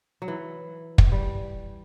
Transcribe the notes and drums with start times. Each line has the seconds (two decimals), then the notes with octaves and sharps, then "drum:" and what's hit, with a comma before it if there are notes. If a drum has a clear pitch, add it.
0.22 F#3
0.28 E3
0.98 drum: kick
1.12 G3